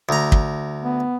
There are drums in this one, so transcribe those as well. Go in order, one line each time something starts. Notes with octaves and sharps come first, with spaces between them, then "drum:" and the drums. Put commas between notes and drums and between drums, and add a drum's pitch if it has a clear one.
D2 A#5
drum: kick
B3